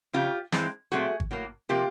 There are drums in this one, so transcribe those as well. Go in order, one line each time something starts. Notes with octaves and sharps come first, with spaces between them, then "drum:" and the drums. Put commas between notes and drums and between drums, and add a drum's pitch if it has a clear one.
F2 C#3 F#3 F4 G4
G2 E3 G#3 C4, drum: snare
A#2 F#3 A3 C4 F#4 G#4
drum: kick G#1
A2 F#3 A#3
C3 F3 A#3 F4 G4